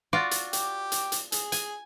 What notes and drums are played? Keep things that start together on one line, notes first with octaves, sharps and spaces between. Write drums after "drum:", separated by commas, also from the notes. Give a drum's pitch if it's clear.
F4 F#4 D5
drum: hi-hat
G4 D6, drum: hi-hat
drum: hi-hat
drum: hi-hat
G#4, drum: hi-hat
G#5, drum: hi-hat